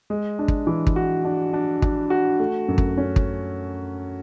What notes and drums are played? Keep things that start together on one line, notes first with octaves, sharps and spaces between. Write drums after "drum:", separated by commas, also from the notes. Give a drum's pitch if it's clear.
G#3
D4
drum: kick
E3
drum: kick
F#4
D4
D4
D4, drum: kick
F#4
A3
F#2
drum: kick
C#4
drum: kick